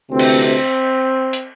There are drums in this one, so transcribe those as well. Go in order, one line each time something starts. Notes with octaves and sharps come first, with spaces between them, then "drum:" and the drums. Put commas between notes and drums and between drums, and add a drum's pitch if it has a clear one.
D2 C3 E3 C4
drum: cymbal
C4
drum: hi-hat